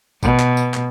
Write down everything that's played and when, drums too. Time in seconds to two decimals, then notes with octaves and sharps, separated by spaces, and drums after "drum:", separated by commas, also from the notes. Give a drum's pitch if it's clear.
0.23 B2, drum: kick A1, tambourine
0.40 drum: clap
0.57 drum: tambourine
0.74 drum: clap